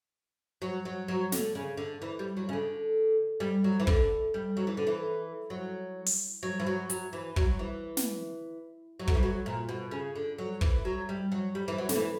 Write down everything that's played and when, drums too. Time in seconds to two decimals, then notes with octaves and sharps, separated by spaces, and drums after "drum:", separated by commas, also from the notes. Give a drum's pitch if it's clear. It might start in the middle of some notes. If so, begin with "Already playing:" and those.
0.62 F#3
0.85 F#3
1.08 F#3
1.32 D3, drum: snare
1.55 C#3
1.77 D3
2.02 E3
2.19 G3
2.37 F#3
2.49 C#3
2.53 D3
3.40 G3
3.64 F#3
3.80 E3
3.87 D3, drum: kick
4.34 G3
4.57 F#3
4.67 E3
4.77 D3
4.87 E3
5.50 F#3
6.06 drum: open hi-hat
6.43 F#3
6.60 E3
6.67 F#3
6.90 F#3, drum: hi-hat
7.13 E3
7.36 F#3, drum: kick
7.59 E3
7.97 drum: snare
9.00 F#3
9.08 D3, drum: kick
9.15 E3
9.23 F#3
9.46 A#2
9.69 B2
9.91 C#3
10.16 D3
10.38 F#3
10.61 E3, drum: kick
10.85 F#3
11.09 G3
11.32 F#3
11.55 G3
11.68 E3
11.78 F#3
11.89 D3, drum: snare
11.96 E3